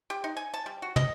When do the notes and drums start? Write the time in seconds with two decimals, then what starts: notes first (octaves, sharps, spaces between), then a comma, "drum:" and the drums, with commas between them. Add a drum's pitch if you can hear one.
0.10 G4
0.24 D#4
0.37 G#5
0.54 A5
0.66 G3
0.82 F#4
0.96 D#5, drum: tom